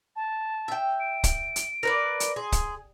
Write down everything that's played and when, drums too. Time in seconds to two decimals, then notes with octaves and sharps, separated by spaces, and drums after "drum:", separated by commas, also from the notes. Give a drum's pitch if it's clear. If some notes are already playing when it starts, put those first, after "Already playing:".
0.16 A5
0.68 E5 G5
1.00 D7
1.24 drum: kick, hi-hat
1.56 drum: hi-hat
1.83 A#4 B4 D5
2.20 drum: hi-hat
2.36 G#4 C6
2.52 drum: kick, hi-hat